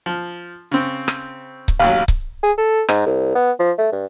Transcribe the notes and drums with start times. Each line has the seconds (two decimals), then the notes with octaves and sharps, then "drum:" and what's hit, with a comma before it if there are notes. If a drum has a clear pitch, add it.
0.06 F3
0.72 C#3 C4
1.08 drum: rim click
1.68 drum: kick C#1
1.80 A1 D#2 F#3 F5
2.08 drum: kick C#1
2.43 G#4
2.58 A4
2.88 G#2, drum: rim click
3.06 C2
3.35 B3
3.59 F3
3.78 A3
3.92 G2